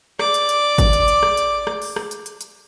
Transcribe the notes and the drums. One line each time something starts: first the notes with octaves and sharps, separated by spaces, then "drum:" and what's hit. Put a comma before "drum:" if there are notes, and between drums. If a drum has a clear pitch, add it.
D5 D6, drum: rim click
drum: hi-hat
drum: hi-hat
drum: kick G#1, hi-hat
drum: hi-hat
drum: hi-hat
drum: rim click
drum: hi-hat
drum: rim click
drum: open hi-hat
drum: rim click
drum: hi-hat
drum: hi-hat
drum: hi-hat